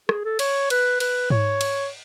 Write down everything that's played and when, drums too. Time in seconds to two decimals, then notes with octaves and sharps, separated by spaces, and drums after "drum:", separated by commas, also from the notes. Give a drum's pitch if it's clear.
0.09 G#4, drum: rim click
0.24 A4
0.39 C#5, drum: cymbal
0.70 B4, drum: cymbal
1.00 B4, drum: cymbal
1.30 C#5, drum: tom G#2
1.61 drum: cymbal